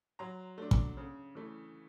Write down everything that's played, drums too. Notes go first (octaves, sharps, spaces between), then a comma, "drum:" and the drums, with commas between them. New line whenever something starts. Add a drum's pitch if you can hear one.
F#3 A#5 C6
A3 D4
drum: kick
C#3
E3 A3